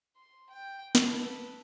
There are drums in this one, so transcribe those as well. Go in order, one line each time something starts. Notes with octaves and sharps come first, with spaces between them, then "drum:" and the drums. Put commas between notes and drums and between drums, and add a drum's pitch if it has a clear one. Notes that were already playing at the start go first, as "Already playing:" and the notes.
C6
G5
A4 B4, drum: snare